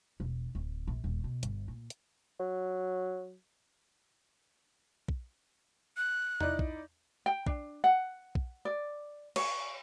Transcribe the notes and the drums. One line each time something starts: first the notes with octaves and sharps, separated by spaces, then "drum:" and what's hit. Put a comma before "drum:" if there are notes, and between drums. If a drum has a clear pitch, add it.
E1
D1
A#1
D#1
B2
G1, drum: hi-hat
A#2
drum: hi-hat
F#3
drum: kick
F#6
D#4 E4 D5, drum: tom E2
drum: kick
G5
D4, drum: kick
F#5
drum: kick
D5
C#5, drum: cymbal